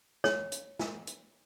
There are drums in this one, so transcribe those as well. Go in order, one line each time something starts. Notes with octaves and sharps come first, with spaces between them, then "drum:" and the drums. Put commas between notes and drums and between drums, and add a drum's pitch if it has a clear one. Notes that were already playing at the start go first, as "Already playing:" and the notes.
C#5, drum: snare
drum: hi-hat
drum: snare
drum: hi-hat